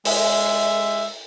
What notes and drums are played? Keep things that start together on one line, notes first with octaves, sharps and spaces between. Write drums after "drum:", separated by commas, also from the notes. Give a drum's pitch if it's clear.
G#3 E5, drum: open hi-hat